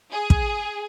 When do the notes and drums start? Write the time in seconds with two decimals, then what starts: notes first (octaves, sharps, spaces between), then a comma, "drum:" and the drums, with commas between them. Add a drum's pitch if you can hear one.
0.11 G#4
0.30 drum: kick